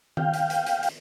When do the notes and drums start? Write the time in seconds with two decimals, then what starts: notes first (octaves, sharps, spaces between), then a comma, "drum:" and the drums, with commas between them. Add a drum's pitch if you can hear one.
0.17 F5 G5, drum: tom D#3
0.34 drum: hi-hat
0.50 drum: hi-hat
0.66 drum: hi-hat
0.83 drum: hi-hat